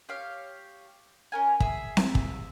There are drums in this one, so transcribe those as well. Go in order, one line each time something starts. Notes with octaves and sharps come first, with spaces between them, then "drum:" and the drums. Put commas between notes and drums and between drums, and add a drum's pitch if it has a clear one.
G4 C#5 F5
C#4 A#4 G#5
G#4 E5, drum: kick
drum: snare C4
drum: kick